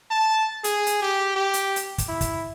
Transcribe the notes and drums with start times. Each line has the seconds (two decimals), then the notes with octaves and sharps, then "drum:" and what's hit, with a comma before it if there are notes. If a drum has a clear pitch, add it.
0.11 A5
0.64 G#4, drum: hi-hat
0.86 drum: hi-hat
1.02 G4
1.36 G4
1.54 drum: hi-hat
1.76 drum: hi-hat
1.98 drum: kick, hi-hat
2.09 E4
2.21 drum: kick, hi-hat